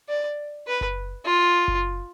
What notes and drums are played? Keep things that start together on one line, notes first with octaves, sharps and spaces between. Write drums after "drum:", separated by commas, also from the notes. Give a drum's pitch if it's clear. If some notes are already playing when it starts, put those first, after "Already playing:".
D5
B4
drum: kick F#1
F4
drum: kick F#1